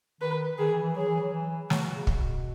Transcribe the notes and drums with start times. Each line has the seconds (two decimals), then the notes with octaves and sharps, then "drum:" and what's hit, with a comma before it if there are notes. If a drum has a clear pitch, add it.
0.21 D#3 B4
0.58 D#3 G#4
0.71 E3
0.83 E3
0.96 F#3 G#4
1.08 E3
1.20 F#3
1.33 E3
1.70 F#3 F#4, drum: snare
1.82 E3
1.95 C#3
2.07 B2, drum: kick